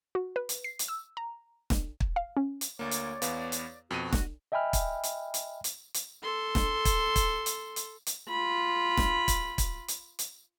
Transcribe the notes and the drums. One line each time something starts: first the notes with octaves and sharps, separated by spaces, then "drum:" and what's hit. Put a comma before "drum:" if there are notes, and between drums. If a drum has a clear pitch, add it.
F#4
B4
drum: hi-hat
C7
drum: hi-hat
E6
A#5
drum: snare E1
drum: kick
F5
C#4
drum: hi-hat
D2 A#3 C#5 D5
drum: hi-hat
E2 B3 F5, drum: hi-hat
drum: hi-hat
F2 B2 F#4 D#7
drum: snare E1
D#5 E5 G5 G#5 B5 F6
drum: kick, hi-hat
drum: hi-hat
drum: hi-hat
drum: hi-hat
drum: hi-hat
A4 C6
drum: snare E1
drum: kick, hi-hat
drum: kick, hi-hat
drum: hi-hat
drum: hi-hat
drum: hi-hat
F4 B5
drum: snare E1
drum: kick, hi-hat
drum: kick, hi-hat
drum: hi-hat
drum: hi-hat